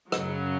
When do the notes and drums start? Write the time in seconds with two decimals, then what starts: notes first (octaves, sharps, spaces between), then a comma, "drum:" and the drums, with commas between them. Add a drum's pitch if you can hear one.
0.12 F#2 C#3 F#3, drum: rim click